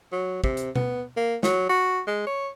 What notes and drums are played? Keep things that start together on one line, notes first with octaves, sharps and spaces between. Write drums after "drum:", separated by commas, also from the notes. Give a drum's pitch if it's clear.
F#3
C3, drum: kick
drum: hi-hat
B3, drum: tom B2
A#3
F#3, drum: snare
F#4
G#3
C#5